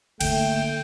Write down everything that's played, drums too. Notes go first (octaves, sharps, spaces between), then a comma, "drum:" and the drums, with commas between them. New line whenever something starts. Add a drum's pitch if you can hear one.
D3 A3 A#3 G5, drum: cymbal